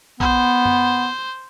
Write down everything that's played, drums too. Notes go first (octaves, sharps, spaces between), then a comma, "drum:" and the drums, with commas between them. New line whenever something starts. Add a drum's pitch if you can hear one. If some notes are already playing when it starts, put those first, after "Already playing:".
B3 C5, drum: kick A#1
drum: tom F#2